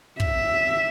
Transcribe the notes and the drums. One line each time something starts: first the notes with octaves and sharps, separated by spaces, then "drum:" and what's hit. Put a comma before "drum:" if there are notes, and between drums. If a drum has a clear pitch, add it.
E5, drum: kick